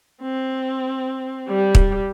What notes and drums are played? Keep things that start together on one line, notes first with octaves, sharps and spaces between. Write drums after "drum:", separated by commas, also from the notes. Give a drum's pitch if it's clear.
C4
G3
drum: kick